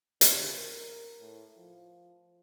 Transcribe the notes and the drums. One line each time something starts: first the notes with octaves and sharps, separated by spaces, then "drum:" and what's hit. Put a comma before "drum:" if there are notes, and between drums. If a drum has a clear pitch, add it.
D3, drum: hi-hat
A#4
A2
F3